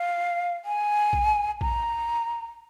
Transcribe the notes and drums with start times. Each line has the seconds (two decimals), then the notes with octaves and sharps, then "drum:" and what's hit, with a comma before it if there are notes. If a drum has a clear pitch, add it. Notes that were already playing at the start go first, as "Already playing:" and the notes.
Already playing: F5
0.65 G#5
1.13 drum: kick A#1
1.61 A#5, drum: kick A#1